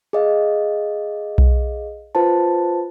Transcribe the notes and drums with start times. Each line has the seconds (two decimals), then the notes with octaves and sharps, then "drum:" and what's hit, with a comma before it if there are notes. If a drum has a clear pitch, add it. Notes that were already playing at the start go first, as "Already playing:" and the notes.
0.13 G#4 D#5 F5
1.38 drum: kick B1
2.15 F4 B4 C5 A5